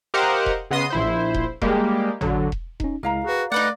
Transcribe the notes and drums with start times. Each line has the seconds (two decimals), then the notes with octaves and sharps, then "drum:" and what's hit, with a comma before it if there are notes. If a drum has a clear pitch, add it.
0.14 G4 A#4 C5 D#5 F5 F#5
0.46 drum: kick E1
0.71 C#3 B3 D#5 C6 D#6
0.90 A#1 E4 C5
1.34 drum: kick E1
1.62 G3 G#3 A#3 G4, drum: kick E1
2.21 D3 F#3, drum: tom G#1
2.52 drum: kick E1
2.80 C#4 D#4, drum: kick E1
3.03 C#2 G#3 E4 A#4 F5 A#5
3.24 F#4 G#4 B4
3.52 A3 D#4 B4 D5 F#5